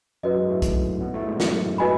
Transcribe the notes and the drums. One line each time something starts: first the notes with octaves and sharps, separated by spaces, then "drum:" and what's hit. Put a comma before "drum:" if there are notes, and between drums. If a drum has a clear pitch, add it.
F#2 F#3 F#4 B4 D#5
G#2 G#3
A2 A3
drum: kick B1, hi-hat
B2 B3
A2 A3
G#2 G#3
F#2 F#3, drum: snare
F#4 B4 D#5 G#5 B5